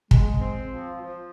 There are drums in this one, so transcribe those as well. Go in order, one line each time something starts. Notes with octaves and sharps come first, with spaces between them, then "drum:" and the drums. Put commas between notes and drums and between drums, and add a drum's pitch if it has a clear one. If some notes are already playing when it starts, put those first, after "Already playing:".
G#3, drum: kick
C4
F3
F3